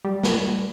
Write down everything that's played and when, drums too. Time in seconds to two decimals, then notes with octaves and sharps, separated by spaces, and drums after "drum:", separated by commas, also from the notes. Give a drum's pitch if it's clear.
0.05 G3
0.23 drum: snare